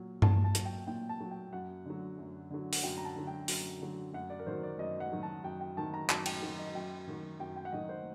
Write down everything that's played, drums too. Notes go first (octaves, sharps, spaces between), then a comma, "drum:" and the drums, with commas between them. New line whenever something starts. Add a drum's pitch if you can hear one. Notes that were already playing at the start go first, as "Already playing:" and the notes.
Already playing: A#2 F#3
A#2 A5, drum: tom G2
A5
F#3, drum: hi-hat
G5
A#2 G5
A5
F#3
G5
F#2 F#5
D3 F#3
F#2
D3 F#3
F#5, drum: open hi-hat
F#2 G5
A#5
A5
D3 F#3
G5
F#2, drum: open hi-hat
D3 F#3
F#2 F#5
D5
A#4
D#3 F#3 C5
D5
F#2 D#5
F#5
D#3 F#3
A5
F#2 G5
G5
D#3 F#3 A5
A#5
F#2 A5, drum: clap
G5, drum: cymbal
D#3 F#3
D#5
F#2 G5
D#3 F#3
F#2 G5
G5
F#5
D#3 F#3 D#5
C5